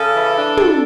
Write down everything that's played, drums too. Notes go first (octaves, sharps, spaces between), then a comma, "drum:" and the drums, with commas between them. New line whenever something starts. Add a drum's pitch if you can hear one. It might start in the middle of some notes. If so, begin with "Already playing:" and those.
Already playing: C#3 A4
E3
D4
drum: tom